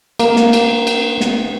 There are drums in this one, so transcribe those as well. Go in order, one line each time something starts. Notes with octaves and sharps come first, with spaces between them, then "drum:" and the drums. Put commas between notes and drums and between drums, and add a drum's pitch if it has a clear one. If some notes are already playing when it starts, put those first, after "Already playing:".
A#3, drum: cymbal
drum: snare
drum: cymbal
drum: cymbal
drum: snare